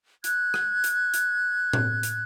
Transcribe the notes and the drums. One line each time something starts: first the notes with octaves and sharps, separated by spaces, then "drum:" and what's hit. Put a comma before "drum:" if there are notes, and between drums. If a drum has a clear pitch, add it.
F#6 G#6, drum: hi-hat
drum: rim click
drum: hi-hat
drum: hi-hat
drum: tom A2
drum: hi-hat